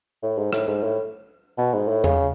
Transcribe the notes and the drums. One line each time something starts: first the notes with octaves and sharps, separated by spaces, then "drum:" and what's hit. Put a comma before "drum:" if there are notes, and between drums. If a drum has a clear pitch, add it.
A2
G#2
A2, drum: rim click
G#2
A2
B2
G#2
A2
C#3, drum: tom E2